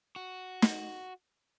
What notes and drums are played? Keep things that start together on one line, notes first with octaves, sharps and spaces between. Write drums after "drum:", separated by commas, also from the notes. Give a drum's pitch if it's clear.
F#4
drum: snare